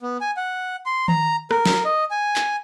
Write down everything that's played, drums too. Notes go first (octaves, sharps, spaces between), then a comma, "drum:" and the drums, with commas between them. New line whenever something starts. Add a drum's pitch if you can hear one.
B3
G#5
F#5
C6
A#5, drum: tom D#3
A#4, drum: rim click
drum: snare
D#5
G#5
drum: clap